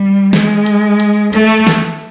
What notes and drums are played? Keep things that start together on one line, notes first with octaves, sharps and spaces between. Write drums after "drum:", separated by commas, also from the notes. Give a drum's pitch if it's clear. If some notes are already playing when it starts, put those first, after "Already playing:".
Already playing: G3
G#3, drum: snare
drum: hi-hat
drum: hi-hat
A3, drum: hi-hat
drum: snare